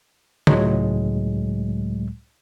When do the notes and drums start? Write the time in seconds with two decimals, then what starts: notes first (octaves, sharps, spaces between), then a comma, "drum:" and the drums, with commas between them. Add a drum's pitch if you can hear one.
0.47 C#2 A2 F#3 G#3, drum: tom C#3